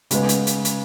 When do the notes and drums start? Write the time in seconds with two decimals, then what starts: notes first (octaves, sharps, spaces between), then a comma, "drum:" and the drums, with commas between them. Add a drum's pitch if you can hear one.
0.11 C#3 G#3 B3, drum: hi-hat
0.29 drum: hi-hat
0.47 drum: hi-hat
0.65 drum: hi-hat